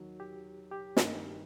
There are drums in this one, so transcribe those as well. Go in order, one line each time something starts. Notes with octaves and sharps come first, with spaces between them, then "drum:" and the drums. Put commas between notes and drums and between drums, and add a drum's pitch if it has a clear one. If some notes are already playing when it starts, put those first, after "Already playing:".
Already playing: D#2 D#3 F#3 F#4
G4
G4
G2 D#3 G3 A#3 D#4 F#4, drum: snare
G4